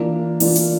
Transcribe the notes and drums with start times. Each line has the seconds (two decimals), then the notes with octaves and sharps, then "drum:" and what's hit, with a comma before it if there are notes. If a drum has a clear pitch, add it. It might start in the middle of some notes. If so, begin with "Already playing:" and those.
Already playing: E3 A#3 D4 F4
0.40 E3 A#3 D4 F4, drum: open hi-hat
0.56 drum: hi-hat